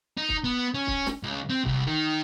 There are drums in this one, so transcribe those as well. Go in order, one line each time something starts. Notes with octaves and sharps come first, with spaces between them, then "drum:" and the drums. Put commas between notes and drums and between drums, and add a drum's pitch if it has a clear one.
D#4
drum: kick
B3
C#4
drum: kick
drum: snare
C#2
C4
C2, drum: kick
D#3